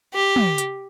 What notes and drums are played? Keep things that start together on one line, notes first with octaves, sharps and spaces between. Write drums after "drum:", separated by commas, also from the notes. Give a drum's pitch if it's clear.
G4
drum: tom
drum: hi-hat